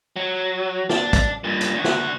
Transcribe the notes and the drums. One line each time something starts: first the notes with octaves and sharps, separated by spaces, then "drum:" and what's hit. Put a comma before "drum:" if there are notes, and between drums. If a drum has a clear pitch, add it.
F#3
D4, drum: snare
drum: kick, hi-hat
G2 A#2
drum: hi-hat
D2 F#4
drum: snare